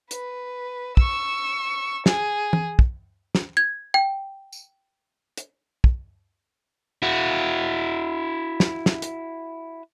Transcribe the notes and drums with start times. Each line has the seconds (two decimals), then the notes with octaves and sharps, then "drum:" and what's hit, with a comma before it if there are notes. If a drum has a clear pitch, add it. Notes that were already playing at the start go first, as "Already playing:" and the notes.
0.11 B4, drum: hi-hat
0.97 C#6 E6, drum: kick
2.06 G#4, drum: snare
2.53 drum: tom
2.79 drum: kick
3.35 drum: snare
3.57 G#6
3.94 G5
4.52 drum: tambourine
5.37 drum: hi-hat
5.84 drum: kick
7.02 E4 F#4
8.60 drum: snare
8.86 drum: snare
9.02 drum: hi-hat